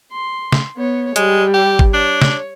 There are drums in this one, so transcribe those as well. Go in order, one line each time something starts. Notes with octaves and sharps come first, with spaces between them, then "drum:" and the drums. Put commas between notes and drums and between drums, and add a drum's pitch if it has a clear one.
C6
drum: snare
B3 C#5
G3 G#3, drum: hi-hat
G4
drum: kick G#1
D4 C#5
drum: snare